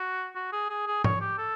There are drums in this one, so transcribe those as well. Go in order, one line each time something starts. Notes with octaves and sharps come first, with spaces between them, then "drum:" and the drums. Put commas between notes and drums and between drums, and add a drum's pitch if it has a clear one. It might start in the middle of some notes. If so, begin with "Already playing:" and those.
Already playing: F#4
F#4
G#4
G#4
G#4
C#5, drum: tom G#2
G4
A4